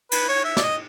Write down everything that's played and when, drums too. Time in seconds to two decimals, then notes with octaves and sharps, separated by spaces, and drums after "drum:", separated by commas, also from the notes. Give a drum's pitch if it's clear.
0.12 B4, drum: cymbal
0.29 C#5
0.45 E5
0.57 D5, drum: snare
0.62 D#5